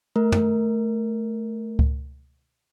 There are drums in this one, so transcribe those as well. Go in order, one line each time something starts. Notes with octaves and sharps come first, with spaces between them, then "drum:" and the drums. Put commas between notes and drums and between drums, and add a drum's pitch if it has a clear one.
A3 A#4
drum: tom
drum: kick C#2